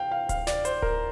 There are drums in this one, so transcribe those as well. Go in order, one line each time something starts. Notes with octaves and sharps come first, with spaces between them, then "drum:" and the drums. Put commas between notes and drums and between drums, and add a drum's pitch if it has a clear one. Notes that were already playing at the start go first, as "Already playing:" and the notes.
Already playing: F5 G5
F5
F5, drum: kick D1, hi-hat
D5, drum: snare
C5, drum: hi-hat
A#4, drum: kick D1